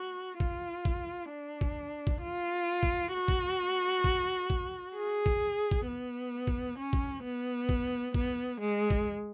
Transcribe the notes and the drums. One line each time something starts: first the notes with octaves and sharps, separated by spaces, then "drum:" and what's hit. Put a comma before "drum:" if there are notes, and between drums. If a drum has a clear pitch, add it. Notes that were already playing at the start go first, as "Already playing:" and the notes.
Already playing: F#4
F4, drum: kick
drum: kick
D4
drum: kick
drum: kick
F4
drum: kick
F#4
drum: kick
drum: kick
drum: kick
G#4
drum: kick
drum: kick
B3
drum: kick
C#4
drum: kick
B3
drum: kick
B3, drum: kick
G#3
drum: kick